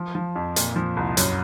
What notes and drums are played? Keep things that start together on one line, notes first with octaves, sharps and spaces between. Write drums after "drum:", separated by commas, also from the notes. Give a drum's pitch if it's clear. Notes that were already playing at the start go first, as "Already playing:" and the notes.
Already playing: F3
F3
F2
A#2, drum: hi-hat
F3
C2
F#2, drum: hi-hat